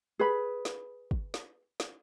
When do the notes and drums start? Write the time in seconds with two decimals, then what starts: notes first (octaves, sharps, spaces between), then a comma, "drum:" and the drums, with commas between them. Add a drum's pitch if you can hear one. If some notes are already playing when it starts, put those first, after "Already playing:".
0.19 G#4 B4 B5
0.65 drum: snare
1.11 drum: kick
1.34 drum: snare
1.80 drum: snare